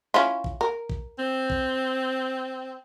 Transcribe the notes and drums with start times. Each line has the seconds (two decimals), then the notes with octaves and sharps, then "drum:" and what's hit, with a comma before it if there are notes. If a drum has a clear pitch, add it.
0.14 C#4 E4 F4
0.44 drum: kick
0.61 A#4
0.90 drum: kick
1.19 C4
1.50 drum: kick